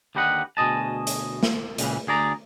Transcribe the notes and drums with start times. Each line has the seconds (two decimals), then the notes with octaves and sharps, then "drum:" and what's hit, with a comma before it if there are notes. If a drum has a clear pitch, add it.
0.15 D#2 D3 G4 B4 D#5 F#5
0.57 D2 B2 G#4 D#5 A5
1.07 drum: hi-hat
1.43 drum: snare
1.78 C#2 A#2 C#3 E3, drum: hi-hat
2.07 D2 G#4 D5 A#5